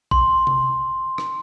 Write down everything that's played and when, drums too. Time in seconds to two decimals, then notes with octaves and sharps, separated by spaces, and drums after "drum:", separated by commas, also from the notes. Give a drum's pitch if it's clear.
0.11 C6, drum: kick
0.47 drum: tom C3
1.18 drum: rim click